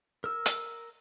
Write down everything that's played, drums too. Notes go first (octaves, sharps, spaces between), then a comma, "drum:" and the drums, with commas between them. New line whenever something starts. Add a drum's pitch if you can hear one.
A#4 E6
drum: hi-hat